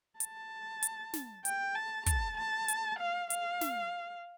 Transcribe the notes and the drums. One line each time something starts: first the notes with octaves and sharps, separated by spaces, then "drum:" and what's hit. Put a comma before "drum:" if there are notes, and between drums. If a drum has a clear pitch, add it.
A5, drum: hi-hat
drum: hi-hat
drum: snare
G5, drum: hi-hat
A5
A5, drum: kick, hi-hat
A5
drum: hi-hat
F5
F5, drum: hi-hat
drum: snare